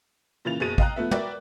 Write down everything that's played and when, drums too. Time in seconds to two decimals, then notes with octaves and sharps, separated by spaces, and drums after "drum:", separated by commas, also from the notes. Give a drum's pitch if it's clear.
0.45 A#2 C#3 E3 A6 F7
0.60 F#1 B2 G#4 A6 D#7
0.78 D#5 F5 G5 A#5 F#6, drum: kick
0.96 F3 A3 B3 E5
1.11 F#4 A#4 B4 D5 E5 G5, drum: tom